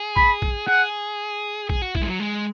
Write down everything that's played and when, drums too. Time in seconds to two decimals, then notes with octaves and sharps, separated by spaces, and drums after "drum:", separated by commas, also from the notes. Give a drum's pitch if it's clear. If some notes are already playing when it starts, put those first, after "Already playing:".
Already playing: G#4
0.16 B5, drum: kick
0.42 drum: kick
0.67 G#4 F#5
1.69 G#4, drum: kick
1.82 F#4
1.95 E4, drum: kick
2.02 G#3
2.08 F#3
2.20 G#3